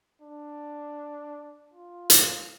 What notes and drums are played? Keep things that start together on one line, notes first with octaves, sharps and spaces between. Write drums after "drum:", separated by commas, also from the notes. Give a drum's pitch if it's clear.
D4
F4
drum: hi-hat